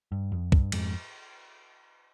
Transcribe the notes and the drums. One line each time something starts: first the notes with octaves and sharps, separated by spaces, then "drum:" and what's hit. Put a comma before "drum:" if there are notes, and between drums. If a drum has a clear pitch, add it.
G2
F2
G2, drum: kick
F2 G#2, drum: cymbal